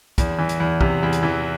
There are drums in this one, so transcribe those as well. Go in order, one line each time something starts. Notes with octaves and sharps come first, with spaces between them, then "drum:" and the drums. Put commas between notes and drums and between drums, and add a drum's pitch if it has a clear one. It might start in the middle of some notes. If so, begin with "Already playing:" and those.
E2, drum: kick, hi-hat
E3
drum: hi-hat
E2
C3, drum: kick
E2
drum: hi-hat
E3